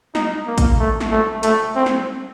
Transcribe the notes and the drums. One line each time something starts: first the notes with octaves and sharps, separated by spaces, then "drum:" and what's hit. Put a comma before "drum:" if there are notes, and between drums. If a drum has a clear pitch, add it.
D#4, drum: snare
A#3
drum: kick A1, hi-hat
A3
drum: snare
A3
A3, drum: hi-hat
C4
drum: snare